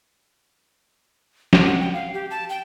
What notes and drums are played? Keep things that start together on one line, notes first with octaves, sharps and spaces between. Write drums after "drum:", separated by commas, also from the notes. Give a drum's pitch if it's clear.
F#4, drum: snare
F#5
G5
F5
G4
A5
G5